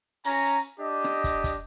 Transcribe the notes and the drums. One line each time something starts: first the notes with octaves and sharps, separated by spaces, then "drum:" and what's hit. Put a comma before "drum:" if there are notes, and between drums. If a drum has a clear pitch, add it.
C#4 G#5 A#5, drum: open hi-hat
drum: hi-hat
D4 G4 D#5
drum: rim click
drum: kick, hi-hat
drum: kick, hi-hat